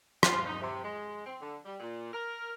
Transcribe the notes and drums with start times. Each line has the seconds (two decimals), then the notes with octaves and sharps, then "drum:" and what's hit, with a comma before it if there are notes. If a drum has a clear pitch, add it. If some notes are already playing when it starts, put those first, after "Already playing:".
0.23 F4, drum: rim click
0.46 D#4
0.62 C3
0.84 G#3
1.26 C4
1.41 D3
1.65 G3
1.80 A#2
2.13 A#4